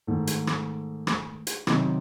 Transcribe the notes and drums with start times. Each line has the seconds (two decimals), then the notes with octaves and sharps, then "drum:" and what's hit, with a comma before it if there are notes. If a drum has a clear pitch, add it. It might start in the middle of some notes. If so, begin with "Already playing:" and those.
0.07 G#2 D#3 A3
0.27 drum: hi-hat
0.47 drum: rim click
1.07 drum: rim click
1.47 drum: hi-hat
1.67 C3 D#3 F#3 C4 D#4, drum: rim click